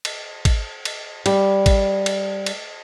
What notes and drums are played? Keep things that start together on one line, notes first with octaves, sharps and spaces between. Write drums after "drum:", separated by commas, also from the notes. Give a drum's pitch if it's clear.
drum: cymbal
drum: kick, cymbal
drum: cymbal
G3, drum: cymbal
drum: kick, cymbal
drum: cymbal
drum: cymbal